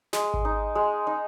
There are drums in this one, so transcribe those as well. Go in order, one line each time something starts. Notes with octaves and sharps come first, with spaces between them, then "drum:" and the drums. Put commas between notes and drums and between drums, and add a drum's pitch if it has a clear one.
G#3, drum: snare
drum: kick G#1
D#4
G#3
D#4